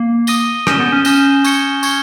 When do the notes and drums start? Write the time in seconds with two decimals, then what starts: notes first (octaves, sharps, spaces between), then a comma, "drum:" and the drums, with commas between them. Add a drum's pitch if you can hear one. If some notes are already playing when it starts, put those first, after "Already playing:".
Already playing: A#3
0.27 D#6 A#6 D#7 G7, drum: tambourine
0.67 C#4 G6 A#6 E7 G7, drum: rim click
0.80 B3
0.92 C#4
1.05 C#4 G6 A#6 E7 G7, drum: tambourine
1.44 C#6 G#6 C#7 G7, drum: tambourine
1.83 C#6 G#6 C#7 G7, drum: tambourine